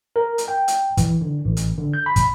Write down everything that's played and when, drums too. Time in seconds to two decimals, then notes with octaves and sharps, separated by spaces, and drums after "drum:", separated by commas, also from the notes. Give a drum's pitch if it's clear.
0.16 A#4
0.38 drum: hi-hat
0.48 G5
0.68 drum: hi-hat
0.97 E3, drum: kick, hi-hat
1.21 D3
1.45 A1
1.57 drum: hi-hat
1.78 D3
1.94 G6
2.06 B5
2.16 drum: kick, hi-hat